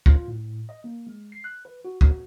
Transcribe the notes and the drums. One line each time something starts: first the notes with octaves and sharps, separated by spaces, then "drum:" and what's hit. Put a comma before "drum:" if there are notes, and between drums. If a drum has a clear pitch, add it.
F4, drum: kick
A2
D#5
A#3
G#3
C7
F#6
B4
F#4
F#4, drum: kick